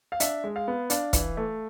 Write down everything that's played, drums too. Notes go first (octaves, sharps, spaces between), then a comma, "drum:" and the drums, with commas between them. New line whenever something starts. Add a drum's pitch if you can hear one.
F5
D4 E5, drum: hi-hat
G#3
F5
B3
D4 F5, drum: hi-hat
E3, drum: kick, hi-hat
A3